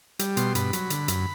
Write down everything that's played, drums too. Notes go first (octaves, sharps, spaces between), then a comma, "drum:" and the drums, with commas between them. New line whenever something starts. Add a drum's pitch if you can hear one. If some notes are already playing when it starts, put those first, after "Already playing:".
G3, drum: hi-hat
B2 C6, drum: hi-hat
G2 B5, drum: hi-hat
F#3, drum: hi-hat
D3, drum: hi-hat
F#2, drum: hi-hat